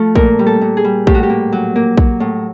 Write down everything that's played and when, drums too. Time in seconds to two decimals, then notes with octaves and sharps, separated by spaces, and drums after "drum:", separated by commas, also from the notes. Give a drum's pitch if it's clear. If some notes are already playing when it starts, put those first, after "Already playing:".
Already playing: F3 A3
0.16 A#2 A#4, drum: kick
0.39 G3
0.46 A4
0.61 A#2
0.77 G#4
0.84 G3
1.07 A2 G4, drum: kick
1.14 F#4
1.23 G4
1.29 A#3
1.52 F#3
1.76 A#3
1.98 F#3, drum: kick
2.20 A2